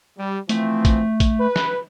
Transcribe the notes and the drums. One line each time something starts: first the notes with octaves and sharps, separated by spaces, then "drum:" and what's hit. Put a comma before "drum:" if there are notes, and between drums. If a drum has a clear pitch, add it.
G3
E3 F3 A3 C4, drum: hi-hat
drum: kick, hi-hat
drum: kick, hi-hat
B4
drum: snare